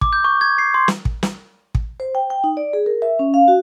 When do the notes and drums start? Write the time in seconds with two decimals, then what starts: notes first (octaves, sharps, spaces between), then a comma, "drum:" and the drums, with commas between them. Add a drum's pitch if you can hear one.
0.01 D6, drum: kick
0.13 G6
0.24 C#6
0.41 G#6
0.58 C7
0.74 C6
0.88 drum: snare
1.05 drum: kick
1.23 drum: snare
1.75 drum: kick
2.00 C5
2.15 G5
2.30 G5
2.44 D#4
2.57 D5
2.73 G#4
2.86 A#4
3.02 E5
3.19 C#4
3.34 F5
3.48 F#4